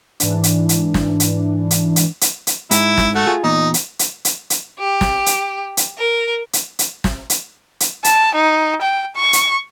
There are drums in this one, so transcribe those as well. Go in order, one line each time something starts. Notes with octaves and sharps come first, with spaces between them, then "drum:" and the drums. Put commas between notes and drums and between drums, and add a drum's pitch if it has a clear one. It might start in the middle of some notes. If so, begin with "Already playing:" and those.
G#2 E3 D4, drum: hi-hat
drum: hi-hat
drum: hi-hat
drum: snare
drum: hi-hat
drum: hi-hat
drum: hi-hat
drum: hi-hat
drum: hi-hat
G#2 E4, drum: hi-hat
drum: snare
A3 F#4
F4 G#4
E2 A#2 D#4
drum: hi-hat
drum: hi-hat
drum: hi-hat
drum: hi-hat
G4
drum: snare
drum: hi-hat
drum: hi-hat
A#4
drum: hi-hat
drum: hi-hat
drum: snare
drum: hi-hat
drum: hi-hat
A5, drum: hi-hat
D#4
G5
C#6
drum: hi-hat